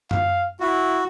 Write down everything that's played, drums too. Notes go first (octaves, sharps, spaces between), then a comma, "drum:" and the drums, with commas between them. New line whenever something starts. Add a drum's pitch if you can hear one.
F5, drum: tom F#2
E4 F#4